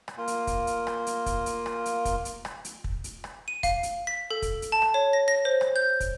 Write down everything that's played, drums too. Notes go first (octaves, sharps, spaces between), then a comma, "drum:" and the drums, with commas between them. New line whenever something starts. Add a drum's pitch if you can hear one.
drum: rim click
A#3 F4
drum: hi-hat
drum: kick, hi-hat
drum: hi-hat
drum: rim click
drum: hi-hat
drum: kick, hi-hat
drum: hi-hat
drum: rim click
drum: hi-hat
drum: kick, hi-hat
drum: hi-hat
drum: rim click
drum: hi-hat
drum: kick
drum: hi-hat
drum: rim click
D#7
F5, drum: kick, hi-hat
drum: hi-hat
B6
A4
drum: kick, hi-hat
drum: hi-hat
A5
drum: rim click
C#5
A#6
A#6
C5
drum: rim click
G6
drum: kick, hi-hat